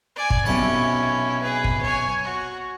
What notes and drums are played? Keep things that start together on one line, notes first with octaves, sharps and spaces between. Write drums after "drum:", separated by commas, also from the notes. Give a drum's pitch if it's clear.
D5 G#5
drum: kick
B1 C3 C#4 E4 A5
G#4 B4
drum: kick
C#5 G#5
F#4